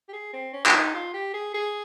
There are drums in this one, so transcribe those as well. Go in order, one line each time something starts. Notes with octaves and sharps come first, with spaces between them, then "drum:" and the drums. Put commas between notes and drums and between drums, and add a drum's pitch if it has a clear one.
G4
G#4
C4
C#4
F4, drum: clap
D#4
F4
G4
G#4
G#4